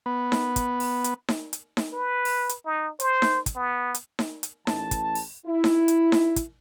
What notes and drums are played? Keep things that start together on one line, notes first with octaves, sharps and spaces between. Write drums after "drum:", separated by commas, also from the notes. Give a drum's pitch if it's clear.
B3
drum: snare D#4
drum: kick, hi-hat
drum: open hi-hat
drum: hi-hat
drum: snare D#4
drum: hi-hat
drum: snare D#4
B4
drum: open hi-hat
drum: hi-hat
D#4
C5, drum: hi-hat
drum: snare D#4
drum: kick, hi-hat
B3
drum: hi-hat
drum: snare D#4
drum: hi-hat
A1 E3 A5, drum: snare D#4
drum: kick, hi-hat
drum: open hi-hat
E4
drum: snare D#4
drum: hi-hat
drum: snare D#4
drum: kick, hi-hat